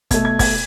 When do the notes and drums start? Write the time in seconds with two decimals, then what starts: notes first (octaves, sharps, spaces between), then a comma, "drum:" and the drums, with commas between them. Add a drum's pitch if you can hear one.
0.11 B2 A3 G#6, drum: kick, hi-hat
0.25 G#6
0.39 G#6, drum: kick, open hi-hat